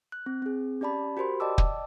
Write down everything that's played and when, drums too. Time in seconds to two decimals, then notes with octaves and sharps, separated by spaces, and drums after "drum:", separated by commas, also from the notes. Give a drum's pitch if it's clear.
0.12 F#6
0.26 C4
0.42 C4 G#4
0.81 C#4 G4 D5 A5 B5
1.17 F#4 G4 A#4 C5 B5 C6
1.40 D5 D#5 G5 A5 D6 E6
1.58 drum: kick